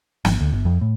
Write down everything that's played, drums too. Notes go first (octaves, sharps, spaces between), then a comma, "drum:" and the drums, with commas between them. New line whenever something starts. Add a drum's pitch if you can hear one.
G#1, drum: snare
D2
G1
F2
A2